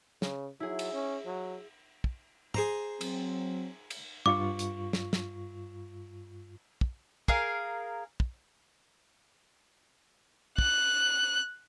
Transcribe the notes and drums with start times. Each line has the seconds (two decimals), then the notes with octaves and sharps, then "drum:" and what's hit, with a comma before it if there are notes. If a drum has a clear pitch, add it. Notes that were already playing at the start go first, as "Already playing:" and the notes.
0.22 C#3, drum: snare
0.60 F#3 E4 G#4
0.79 drum: cymbal
0.93 C#4
1.25 F#3
2.04 drum: kick
2.54 G#4 C5 A#5, drum: tom
3.01 F#3 C4, drum: cymbal
3.90 drum: cymbal
4.26 G2 F4 C#6 D6
4.59 drum: hi-hat
4.93 drum: snare
5.13 drum: snare
6.81 drum: kick
7.28 G#4 A#4 F5, drum: kick
8.20 drum: kick
10.58 F#6, drum: kick